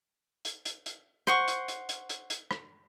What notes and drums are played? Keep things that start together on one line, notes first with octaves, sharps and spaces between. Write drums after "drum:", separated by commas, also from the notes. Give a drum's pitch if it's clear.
drum: hi-hat
drum: hi-hat
drum: hi-hat
C5 F#5 C#6, drum: rim click
drum: hi-hat
drum: hi-hat
drum: hi-hat
drum: hi-hat
drum: hi-hat
drum: rim click